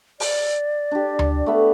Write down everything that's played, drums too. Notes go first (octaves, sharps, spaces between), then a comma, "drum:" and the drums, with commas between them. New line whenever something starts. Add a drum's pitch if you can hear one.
D5, drum: open hi-hat
D4 G4
drum: tom D2
A3 B3